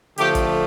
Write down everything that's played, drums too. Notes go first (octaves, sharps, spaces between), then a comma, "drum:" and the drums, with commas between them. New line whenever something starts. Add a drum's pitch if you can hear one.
D3 F3 A3 G4, drum: hi-hat
drum: kick, hi-hat